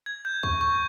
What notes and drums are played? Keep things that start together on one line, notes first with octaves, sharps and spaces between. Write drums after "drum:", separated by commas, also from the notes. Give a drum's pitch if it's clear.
G#6
G6
C#6, drum: kick C#2
C#6